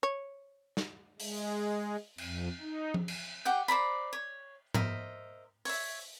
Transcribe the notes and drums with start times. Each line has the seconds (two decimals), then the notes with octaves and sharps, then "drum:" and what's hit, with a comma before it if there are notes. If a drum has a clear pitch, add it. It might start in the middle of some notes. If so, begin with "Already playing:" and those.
0.03 C#5
0.77 drum: snare
1.20 G#3, drum: open hi-hat
2.18 F2, drum: cymbal
2.61 D#4
2.94 drum: tom F3
3.08 drum: cymbal
3.45 G4 F#5 G5
3.68 C5 D5 A#5 B5
4.13 C#5
4.74 A#4 C5 D#5 E5, drum: tom G#2
5.65 C#5 E5, drum: open hi-hat